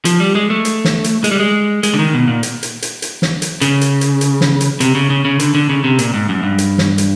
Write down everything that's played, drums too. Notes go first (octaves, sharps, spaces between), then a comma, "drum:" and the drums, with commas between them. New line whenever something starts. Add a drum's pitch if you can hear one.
F3, drum: hi-hat
G3
G#3
A3
drum: hi-hat
drum: snare
drum: hi-hat
G#3, drum: hi-hat
G3
G#3
G#3, drum: hi-hat
D3
D#3
B2
A#2
drum: hi-hat
drum: hi-hat
drum: hi-hat
drum: hi-hat
drum: snare
drum: hi-hat
C#3, drum: hi-hat
drum: hi-hat
drum: hi-hat
drum: hi-hat
drum: snare
drum: hi-hat
C3, drum: hi-hat
C#3
C#3
C#3
D3, drum: hi-hat
D3
C#3
C3
A#2, drum: hi-hat
G#2
F#2
G2
drum: hi-hat
drum: snare
drum: hi-hat